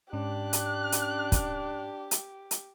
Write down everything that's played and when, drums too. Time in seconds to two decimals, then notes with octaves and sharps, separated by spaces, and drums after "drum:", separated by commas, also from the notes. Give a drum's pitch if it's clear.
0.13 G#2 C#4 D4 G4 F#6
0.53 drum: hi-hat
0.92 drum: hi-hat
1.32 drum: kick, hi-hat
2.11 drum: hi-hat
2.51 drum: hi-hat